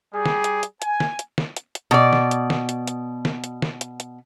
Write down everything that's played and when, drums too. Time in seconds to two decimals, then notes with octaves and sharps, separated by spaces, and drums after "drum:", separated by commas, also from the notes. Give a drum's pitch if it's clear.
0.14 G3 G#4
0.25 drum: snare
0.44 drum: hi-hat
0.63 drum: hi-hat
0.82 G#5, drum: hi-hat
1.00 drum: snare
1.19 drum: hi-hat
1.38 drum: snare
1.56 drum: hi-hat
1.75 drum: hi-hat
1.91 B2 D5
2.13 drum: snare
2.31 drum: hi-hat
2.50 drum: snare
2.69 drum: hi-hat
2.87 drum: hi-hat
3.25 drum: snare
3.44 drum: hi-hat
3.62 drum: snare
3.81 drum: hi-hat
4.00 drum: hi-hat